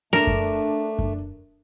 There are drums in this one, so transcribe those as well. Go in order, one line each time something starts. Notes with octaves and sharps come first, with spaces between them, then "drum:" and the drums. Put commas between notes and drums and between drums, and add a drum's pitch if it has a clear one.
A3 D4 A#4 E7, drum: snare A#3
drum: kick F#2
drum: kick F#2